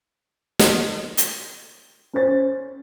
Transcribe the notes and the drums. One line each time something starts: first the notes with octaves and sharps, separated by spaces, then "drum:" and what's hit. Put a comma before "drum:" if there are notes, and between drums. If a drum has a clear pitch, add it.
drum: snare
drum: hi-hat
C#4 C5 A6